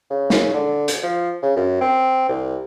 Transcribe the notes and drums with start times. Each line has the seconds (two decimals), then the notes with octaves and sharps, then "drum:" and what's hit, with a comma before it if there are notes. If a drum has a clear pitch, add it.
0.10 C#3
0.30 drum: snare
0.54 D3
0.88 drum: hi-hat
1.03 F3
1.42 C#3
1.56 F#2
1.81 C4
2.29 C2